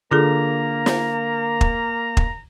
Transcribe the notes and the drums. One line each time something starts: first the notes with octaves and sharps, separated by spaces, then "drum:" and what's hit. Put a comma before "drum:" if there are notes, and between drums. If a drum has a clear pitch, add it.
D3 A#3 F4 G#4 A4 A#5
drum: snare
drum: kick
drum: kick